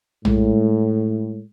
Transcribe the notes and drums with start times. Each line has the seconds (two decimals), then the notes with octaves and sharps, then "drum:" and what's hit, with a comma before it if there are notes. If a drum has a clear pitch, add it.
0.25 A2 G#3, drum: tom